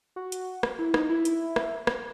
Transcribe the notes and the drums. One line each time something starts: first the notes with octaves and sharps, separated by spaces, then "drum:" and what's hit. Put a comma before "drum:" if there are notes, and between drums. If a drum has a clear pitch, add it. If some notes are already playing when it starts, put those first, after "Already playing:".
F#4
drum: hi-hat
drum: rim click
E4
D#4, drum: rim click
E4
drum: hi-hat
drum: rim click
drum: rim click